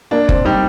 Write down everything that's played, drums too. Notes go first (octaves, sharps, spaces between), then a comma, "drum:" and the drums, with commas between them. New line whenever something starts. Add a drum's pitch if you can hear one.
A#3 D4
C4, drum: kick F#1
G3 D#4